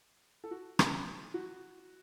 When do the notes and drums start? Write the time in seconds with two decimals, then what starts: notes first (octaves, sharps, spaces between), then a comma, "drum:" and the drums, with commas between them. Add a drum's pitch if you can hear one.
0.44 A4
0.51 F#4
0.79 C#4, drum: rim click
1.34 F#4